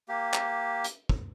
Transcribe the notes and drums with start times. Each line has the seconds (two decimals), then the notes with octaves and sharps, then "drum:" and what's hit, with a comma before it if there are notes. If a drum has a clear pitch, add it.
0.09 A#3 G4
0.34 drum: clap
0.84 drum: hi-hat
1.09 drum: kick